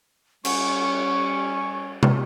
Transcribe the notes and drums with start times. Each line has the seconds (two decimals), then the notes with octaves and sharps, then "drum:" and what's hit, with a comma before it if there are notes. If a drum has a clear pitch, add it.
0.45 G3 C#4 C#6, drum: cymbal
2.03 drum: tom